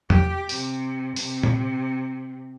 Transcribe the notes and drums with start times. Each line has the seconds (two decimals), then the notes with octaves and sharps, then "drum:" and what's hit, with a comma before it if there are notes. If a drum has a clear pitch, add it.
0.10 G4, drum: tom
0.49 C3, drum: open hi-hat
1.16 C3, drum: open hi-hat
1.44 drum: tom